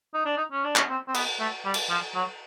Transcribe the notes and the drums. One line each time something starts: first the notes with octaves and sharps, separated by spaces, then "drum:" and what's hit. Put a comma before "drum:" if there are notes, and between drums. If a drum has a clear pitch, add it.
D#4
D4
D#4
C#4
D4
C#4, drum: clap
C4
C4
B3, drum: cymbal
A3
G3
drum: cymbal
F3
F#3